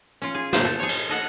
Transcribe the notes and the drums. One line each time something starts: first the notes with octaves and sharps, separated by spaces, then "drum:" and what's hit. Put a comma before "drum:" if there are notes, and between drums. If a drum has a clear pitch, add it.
C#4 F4
G#4
A#2 C5, drum: snare
A4
G#4 C#5
drum: cymbal
A4 D#5 F#5